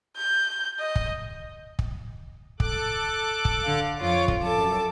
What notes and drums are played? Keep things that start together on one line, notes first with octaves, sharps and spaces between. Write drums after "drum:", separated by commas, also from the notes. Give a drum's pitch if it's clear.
G6
D#5
drum: kick
drum: kick
A4 D6 F#6, drum: kick
drum: kick
D3 F5
F2 F4 C#5 D6
drum: kick
F#2 A4 A5 D6